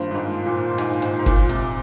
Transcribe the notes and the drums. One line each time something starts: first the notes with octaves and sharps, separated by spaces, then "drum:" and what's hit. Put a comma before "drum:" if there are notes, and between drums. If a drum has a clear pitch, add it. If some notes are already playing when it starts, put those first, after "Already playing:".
Already playing: G2 D#3 A#3 F4 C5
G2
G#2
A#2
G#2, drum: hi-hat
G#2, drum: hi-hat
G#2
A#2, drum: kick F#1, hi-hat
C3, drum: hi-hat